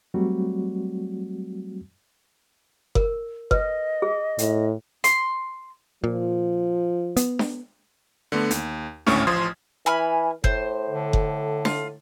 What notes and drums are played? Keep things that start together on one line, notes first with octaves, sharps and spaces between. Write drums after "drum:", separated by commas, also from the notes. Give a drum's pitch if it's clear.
F#3 G3 A3 C4 F#4
A#4, drum: kick F#1
B4 D#5, drum: kick F#1
G#4
A2, drum: hi-hat
C6, drum: hi-hat
A#2 F3
B3, drum: hi-hat
drum: snare D4
D3 A3 B3
D#2, drum: hi-hat
G#1 D2 A2 C#4 C#6 F6, drum: snare D4
A1 F3 C6 D#6 G#6
E3 G#5 B5 F6
A2 C5, drum: kick F#1
D3
drum: kick F#1
F4, drum: snare D4